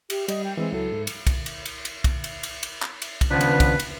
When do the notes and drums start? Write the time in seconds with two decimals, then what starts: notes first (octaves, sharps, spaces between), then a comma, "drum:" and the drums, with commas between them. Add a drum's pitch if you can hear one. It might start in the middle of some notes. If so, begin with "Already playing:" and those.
0.10 G4, drum: cymbal
0.28 G3 D#5, drum: cymbal
0.44 G5
0.57 E3 G#3 C4 E4
0.73 C#2 F#3 E4 A4
0.92 G#2
1.07 drum: cymbal
1.27 drum: kick, cymbal
1.46 drum: cymbal
1.65 drum: cymbal
1.85 drum: cymbal
2.04 drum: kick, cymbal
2.24 drum: cymbal
2.43 drum: cymbal
2.63 drum: cymbal
2.82 drum: clap
3.02 drum: cymbal
3.21 drum: kick, cymbal
3.31 D#2 C#3 F3 B3 D4 B4
3.41 drum: cymbal
3.60 drum: kick, cymbal
3.80 drum: cymbal